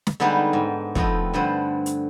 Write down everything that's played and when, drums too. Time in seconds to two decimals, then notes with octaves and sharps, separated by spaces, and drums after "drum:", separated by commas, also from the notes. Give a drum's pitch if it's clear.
0.07 drum: snare
0.20 D3 G3 G#3 B3 D4 D#4
0.53 G#2
0.95 F2 A3 B3 D#5 G5, drum: kick
1.34 G2 D3 B4 C5
1.86 drum: hi-hat